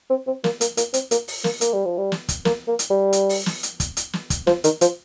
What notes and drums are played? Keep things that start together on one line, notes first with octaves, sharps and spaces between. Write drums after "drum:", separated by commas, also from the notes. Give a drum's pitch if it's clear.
C4
C4
A#3, drum: snare
A#3, drum: hi-hat
A#3, drum: hi-hat
C4, drum: hi-hat
A#3, drum: hi-hat
drum: open hi-hat
A#3, drum: snare
A#3, drum: hi-hat
G3
F3
G3
drum: snare
drum: kick, hi-hat
A#3, drum: snare
A#3
drum: hi-hat
G3
drum: hi-hat
drum: open hi-hat
drum: snare
drum: hi-hat
drum: kick, hi-hat
drum: hi-hat
drum: snare
drum: kick, hi-hat
F3, drum: snare
D#3, drum: hi-hat
F3, drum: hi-hat